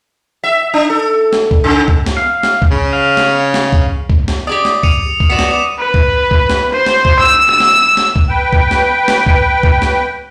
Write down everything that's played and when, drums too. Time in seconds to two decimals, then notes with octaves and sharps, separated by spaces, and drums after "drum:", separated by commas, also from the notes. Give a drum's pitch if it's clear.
0.44 E5
0.74 D4
0.90 A4
1.33 drum: snare
1.51 drum: kick C#2
1.64 C#3
1.88 drum: kick C#2
2.06 drum: snare
2.17 F5
2.43 drum: snare
2.62 drum: kick C#2
2.71 C#3
2.93 F5
3.17 drum: snare
3.54 drum: snare
3.73 drum: kick C#2
4.10 drum: kick C#2
4.28 drum: snare
4.47 G4 G#4 D5 D#6
4.65 drum: snare
4.83 C#7 D#7 F7, drum: kick C#2
5.20 drum: kick C#2
5.30 B3 F#4 D5 C#7 E7
5.39 drum: snare
5.51 D6
5.79 B4
5.94 drum: kick C#2
6.31 drum: kick C#2
6.50 drum: snare
6.72 C5
6.86 drum: snare
7.05 drum: kick C#2
7.19 E6
7.50 E6
7.60 drum: snare
7.97 drum: snare
8.16 drum: kick C#2
8.29 B4 G5
8.53 drum: kick C#2
8.71 drum: snare
9.08 drum: snare
9.26 drum: kick C#2
9.63 drum: kick C#2
9.82 drum: snare